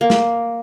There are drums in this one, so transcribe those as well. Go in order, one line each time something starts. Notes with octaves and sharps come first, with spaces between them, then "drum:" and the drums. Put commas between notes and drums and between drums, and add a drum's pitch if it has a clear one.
A#3
drum: snare